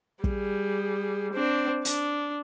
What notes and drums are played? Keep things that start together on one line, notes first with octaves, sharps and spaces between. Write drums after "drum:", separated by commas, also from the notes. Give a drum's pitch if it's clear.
G3 G#4, drum: kick
C4 D4
D4, drum: hi-hat